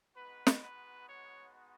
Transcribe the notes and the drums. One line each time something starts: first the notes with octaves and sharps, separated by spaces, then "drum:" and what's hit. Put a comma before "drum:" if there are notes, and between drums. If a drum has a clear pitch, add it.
G#3 B3 D#4 F#4 B4
drum: snare
B4
C#5